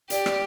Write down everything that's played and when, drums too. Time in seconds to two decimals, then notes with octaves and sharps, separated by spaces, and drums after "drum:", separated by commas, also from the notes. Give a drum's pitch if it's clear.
0.10 G4 D5, drum: hi-hat
0.26 drum: rim click